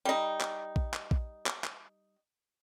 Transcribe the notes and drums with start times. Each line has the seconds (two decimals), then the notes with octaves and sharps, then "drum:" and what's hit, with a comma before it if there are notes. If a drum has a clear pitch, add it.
0.05 G3 D#4
0.41 drum: clap
0.76 drum: kick A#1
0.94 drum: clap
1.11 drum: kick A#1
1.46 drum: clap
1.64 drum: clap